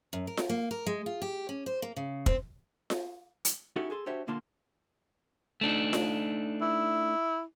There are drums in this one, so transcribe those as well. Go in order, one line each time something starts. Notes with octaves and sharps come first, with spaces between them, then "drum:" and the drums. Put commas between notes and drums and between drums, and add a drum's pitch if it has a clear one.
F#2
A#4
drum: snare F4
A#3
A#4
G#3
F4
G4
C#4
C5
A#3
C#3
C4, drum: kick
drum: snare F4
drum: hi-hat
C#4 D#4 E4 F#4 G4 A4
G#4 A4 C6
D4 F#4 G4 C5 C#5 E5
A#2 D3 A#3 F4 A5 C6
A3 D4 D#4
drum: snare F4
E4